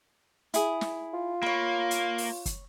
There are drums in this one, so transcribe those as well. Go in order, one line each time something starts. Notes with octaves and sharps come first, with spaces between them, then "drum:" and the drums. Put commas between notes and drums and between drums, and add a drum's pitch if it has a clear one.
E4 G#4, drum: hi-hat
drum: snare
F4
A#3 C#5 B5
drum: hi-hat
drum: open hi-hat
drum: kick, hi-hat